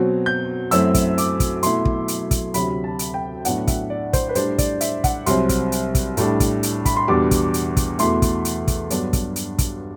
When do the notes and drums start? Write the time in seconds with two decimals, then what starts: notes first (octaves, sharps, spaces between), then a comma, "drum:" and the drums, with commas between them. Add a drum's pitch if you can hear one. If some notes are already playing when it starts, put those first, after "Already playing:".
Already playing: B2 F#3 C4
0.26 G6
0.71 F#2 F#3 A3 C4 E4 E6, drum: hi-hat
0.94 drum: kick, hi-hat
1.18 D6, drum: hi-hat
1.40 drum: kick, hi-hat
1.63 B2 A3 E4 C6, drum: hi-hat
1.85 drum: kick
2.08 drum: hi-hat
2.31 drum: kick, hi-hat
2.54 D2 C3 F#3 B5, drum: hi-hat
2.84 A5
2.99 drum: hi-hat
3.14 G5
3.45 A2 F#3 B3 D4 F#5, drum: hi-hat
3.67 E5, drum: kick, hi-hat
3.90 D5
4.13 C5, drum: kick, hi-hat
4.29 B4
4.35 A2 G3 D4 C5, drum: hi-hat
4.58 D5, drum: kick, hi-hat
4.81 E5, drum: hi-hat
5.04 F#5, drum: kick, hi-hat
5.26 C2 C3 F#3 C4 C6, drum: hi-hat
5.49 drum: kick, hi-hat
5.72 drum: hi-hat
5.95 drum: kick, hi-hat
6.17 A2 G3 D4, drum: hi-hat
6.40 drum: kick, hi-hat
6.63 drum: hi-hat
6.85 B5, drum: kick, hi-hat
6.97 C6
7.08 E2 B2 G3 B3 D4 D6
7.31 drum: kick, hi-hat
7.54 drum: hi-hat
7.77 drum: kick, hi-hat
7.99 E2 B2 A3 E4 C6, drum: hi-hat
8.22 drum: kick, hi-hat
8.45 drum: hi-hat
8.68 drum: kick, hi-hat
8.90 G2 F#3 B3 D4, drum: hi-hat
9.13 drum: kick, hi-hat
9.36 drum: hi-hat
9.58 drum: kick, hi-hat